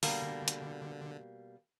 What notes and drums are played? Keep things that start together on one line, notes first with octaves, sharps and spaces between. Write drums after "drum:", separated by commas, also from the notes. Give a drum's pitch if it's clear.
B2 D3 G3 A#3, drum: open hi-hat
drum: hi-hat